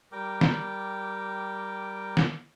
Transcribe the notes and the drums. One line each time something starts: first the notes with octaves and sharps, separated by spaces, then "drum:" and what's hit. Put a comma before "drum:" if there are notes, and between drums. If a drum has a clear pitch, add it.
G3 A#4 G5 D6
drum: snare
drum: snare